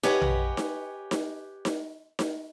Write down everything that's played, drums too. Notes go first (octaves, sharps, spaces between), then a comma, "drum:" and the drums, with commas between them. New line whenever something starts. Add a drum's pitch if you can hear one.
G4 B4 C#5 D#5 F#5 G#5, drum: snare D#4
drum: tom A#1
drum: snare D#4
drum: snare D#4
drum: snare D#4
drum: snare D#4